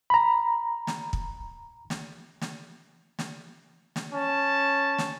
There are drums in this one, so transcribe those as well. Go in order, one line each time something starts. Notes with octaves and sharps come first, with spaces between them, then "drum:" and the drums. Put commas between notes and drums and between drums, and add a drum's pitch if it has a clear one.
A#5 B5
drum: snare
drum: kick
drum: snare
drum: snare
drum: snare
drum: snare
C#4 A5
drum: snare